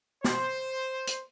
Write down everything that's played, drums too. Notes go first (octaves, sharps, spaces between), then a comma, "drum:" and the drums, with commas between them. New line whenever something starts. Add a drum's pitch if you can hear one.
C5, drum: snare
drum: hi-hat